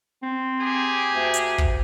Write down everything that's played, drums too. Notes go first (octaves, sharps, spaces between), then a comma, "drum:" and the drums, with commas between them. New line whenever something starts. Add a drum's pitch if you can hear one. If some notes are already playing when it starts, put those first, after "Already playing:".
C4
A#3 G4 G#4
D2
drum: hi-hat
drum: kick